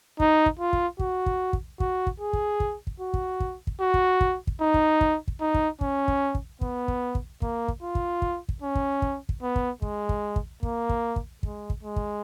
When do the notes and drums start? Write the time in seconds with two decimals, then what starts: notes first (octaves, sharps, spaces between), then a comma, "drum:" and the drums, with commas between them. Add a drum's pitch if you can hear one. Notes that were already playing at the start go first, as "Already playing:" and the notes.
0.20 D#4, drum: kick
0.46 drum: kick
0.59 F4
0.73 drum: kick
0.99 F#4, drum: kick
1.26 drum: kick
1.53 drum: kick
1.80 F#4, drum: kick
2.07 drum: kick
2.20 G#4
2.33 drum: kick
2.60 drum: kick
2.87 drum: kick
3.00 F#4
3.14 drum: kick
3.40 drum: kick
3.67 drum: kick
3.81 F#4
3.94 drum: kick
4.21 drum: kick
4.47 drum: kick
4.61 D#4
4.74 drum: kick
5.01 drum: kick
5.28 drum: kick
5.41 D#4
5.54 drum: kick
5.81 C#4, drum: kick
6.08 drum: kick
6.35 drum: kick
6.61 B3, drum: kick
6.88 drum: kick
7.15 drum: kick
7.42 A#3, drum: kick
7.68 drum: kick
7.82 F4
7.95 drum: kick
8.22 drum: kick
8.49 drum: kick
8.62 C#4
8.75 drum: kick
9.02 drum: kick
9.29 drum: kick
9.42 B3
9.56 drum: kick
9.82 G#3, drum: kick
10.09 drum: kick
10.36 drum: kick
10.63 A#3, drum: kick
10.89 drum: kick
11.16 drum: kick
11.43 G#3, drum: kick
11.70 drum: kick
11.83 G#3
11.96 drum: kick